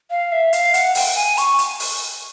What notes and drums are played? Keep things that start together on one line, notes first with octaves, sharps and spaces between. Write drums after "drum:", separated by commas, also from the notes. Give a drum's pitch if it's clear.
F5
E5
F5, drum: hi-hat
F#5, drum: hi-hat
G5, drum: open hi-hat
G#5
C#6, drum: hi-hat
drum: hi-hat
drum: open hi-hat